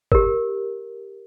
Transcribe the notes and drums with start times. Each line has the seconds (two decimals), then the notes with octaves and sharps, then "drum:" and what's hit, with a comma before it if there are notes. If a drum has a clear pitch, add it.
0.12 G4 A#4, drum: kick G1